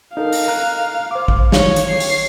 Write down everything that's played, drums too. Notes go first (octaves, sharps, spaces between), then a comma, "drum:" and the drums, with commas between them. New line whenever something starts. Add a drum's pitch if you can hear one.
D#4 A4 A#4 F5
drum: open hi-hat
A#5 F#6
C5 D6
drum: kick
D#3 E3 C#5 F5, drum: snare
drum: hi-hat
C#5 C7
drum: open hi-hat